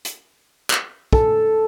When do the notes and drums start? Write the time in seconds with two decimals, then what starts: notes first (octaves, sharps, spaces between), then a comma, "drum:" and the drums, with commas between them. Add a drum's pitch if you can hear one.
0.05 drum: hi-hat
0.70 drum: clap
1.13 A4, drum: kick